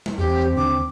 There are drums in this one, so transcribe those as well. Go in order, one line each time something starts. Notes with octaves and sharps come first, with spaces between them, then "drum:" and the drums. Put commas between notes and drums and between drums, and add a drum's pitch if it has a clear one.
drum: tom G3
E2 C4 G4
D#2 D3 D4 D6